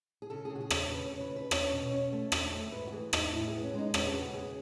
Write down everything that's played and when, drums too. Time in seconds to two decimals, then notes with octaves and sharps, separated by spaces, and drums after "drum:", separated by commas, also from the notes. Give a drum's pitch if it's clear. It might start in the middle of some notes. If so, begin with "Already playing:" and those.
0.22 G#4
0.30 C#3 A4
0.45 G#4
0.50 C#3
0.55 F#4
0.61 G#4
0.70 C#4, drum: rim click
0.76 A4
0.91 C#3 B4
1.05 C#5
1.11 C#3
1.21 B4
1.31 D#2
1.36 B4
1.51 C#4 C#5, drum: rim click
1.72 B2
1.92 C#4
2.12 A3
2.32 D#2, drum: rim click
2.53 A3
2.72 G#2 B4
2.87 F#4
2.92 E3 G#4
3.13 G#2 D#4, drum: rim click
3.33 A2 E4
3.48 G#4
3.53 B3
3.63 C#4
3.74 G#3 D#4
3.94 B3 C#4, drum: rim click
4.07 G#4
4.14 C#3 F#4
4.33 D#2 G#4